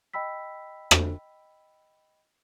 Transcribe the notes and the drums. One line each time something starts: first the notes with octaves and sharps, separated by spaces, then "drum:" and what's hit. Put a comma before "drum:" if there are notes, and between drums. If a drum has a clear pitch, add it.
D#5 G5 B5 E6 B6
drum: rim click